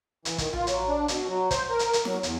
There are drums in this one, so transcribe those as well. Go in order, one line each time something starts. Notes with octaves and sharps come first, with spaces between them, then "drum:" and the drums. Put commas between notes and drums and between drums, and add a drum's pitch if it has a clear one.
E3, drum: hi-hat
D#3, drum: kick, hi-hat
F4, drum: tom A#1
F#3, drum: hi-hat
D4
B2, drum: hi-hat
F#3
C5, drum: kick, hi-hat
A#4
drum: hi-hat
drum: hi-hat
F#3, drum: snare
E2, drum: hi-hat